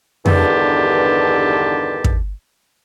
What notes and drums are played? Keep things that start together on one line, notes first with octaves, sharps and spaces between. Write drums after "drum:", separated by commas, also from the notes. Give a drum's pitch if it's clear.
E2 G2 D3 D#3 G4 A5, drum: tom F2
drum: kick